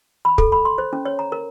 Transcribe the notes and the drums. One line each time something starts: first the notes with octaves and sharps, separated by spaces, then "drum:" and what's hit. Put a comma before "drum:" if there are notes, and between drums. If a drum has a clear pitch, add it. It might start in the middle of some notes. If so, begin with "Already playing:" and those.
B5
A4, drum: kick
B5
C6
C5
C#4
C#5
A#5
A#4